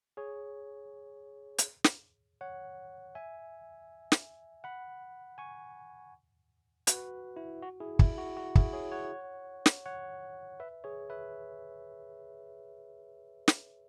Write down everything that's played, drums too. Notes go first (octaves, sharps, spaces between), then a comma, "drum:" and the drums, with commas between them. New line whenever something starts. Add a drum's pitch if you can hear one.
G#4 C#5
drum: hi-hat
drum: snare
C#5 F#5
E5 G#5
drum: snare
F#5 B5
G#5 C#6
F#4 B4, drum: hi-hat
E4
F#4
E4 G#4
E4, drum: kick
F#4
F#4
E4 G#4, drum: kick
G#4 C#5
C#5 F#5
drum: snare
C#5 F#5
B4 E5
G#4 C#5
B4 E5
drum: snare